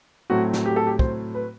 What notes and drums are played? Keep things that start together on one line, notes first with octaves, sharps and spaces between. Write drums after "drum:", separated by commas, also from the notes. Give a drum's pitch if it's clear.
A2 F#3 A3 C4 F#4
drum: snare
G4
A4
G4
C5, drum: kick
B4